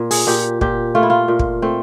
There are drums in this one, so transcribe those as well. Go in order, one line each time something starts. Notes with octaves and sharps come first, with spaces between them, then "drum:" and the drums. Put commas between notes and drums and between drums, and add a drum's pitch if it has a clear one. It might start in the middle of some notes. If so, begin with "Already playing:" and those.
Already playing: A#2
G#4, drum: open hi-hat
A#2 G4
A#2 G4, drum: kick
A3 F4
E4
F4
A#2
drum: kick
A3 C4